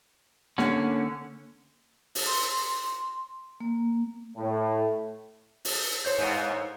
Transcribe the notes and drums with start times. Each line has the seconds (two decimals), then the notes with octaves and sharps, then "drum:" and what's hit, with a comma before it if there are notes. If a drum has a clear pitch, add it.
0.58 D3 A#3 C#4 F#5, drum: snare
2.15 drum: open hi-hat
2.26 C6
3.60 A#3
4.37 A2
5.65 drum: open hi-hat
6.05 C5 C#5 G6
6.18 G2 A#3 B3